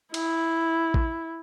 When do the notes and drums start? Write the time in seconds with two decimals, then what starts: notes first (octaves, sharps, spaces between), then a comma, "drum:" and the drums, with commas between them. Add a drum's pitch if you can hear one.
0.14 E4, drum: cymbal
0.94 drum: kick A1